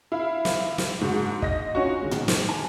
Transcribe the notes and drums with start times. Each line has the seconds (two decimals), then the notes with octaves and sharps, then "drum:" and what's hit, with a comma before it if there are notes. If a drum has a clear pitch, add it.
0.12 E4 F5
0.45 drum: snare
0.78 drum: snare
0.99 F#1 G#2 F#4
1.42 D#5 A#6, drum: kick
1.75 C#4 D#4 F4 F#4
2.02 D#3 G#3
2.11 drum: tom
2.28 drum: snare
2.49 G#5